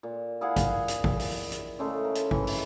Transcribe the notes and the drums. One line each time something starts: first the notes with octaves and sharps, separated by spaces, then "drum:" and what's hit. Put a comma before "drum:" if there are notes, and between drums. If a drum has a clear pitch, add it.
A#2
E4 G#4 F5 F#5
drum: kick, hi-hat
drum: hi-hat
drum: kick
E4, drum: open hi-hat
drum: hi-hat
C#3 G#3 A3
A#4
drum: hi-hat
E3, drum: kick
drum: open hi-hat